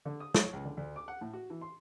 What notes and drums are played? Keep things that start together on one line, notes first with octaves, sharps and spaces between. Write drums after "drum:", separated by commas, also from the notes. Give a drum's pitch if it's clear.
D3
D#6
C#5, drum: snare
C#2
D3
D2
D6
F#5
A2
F#4
E3
C6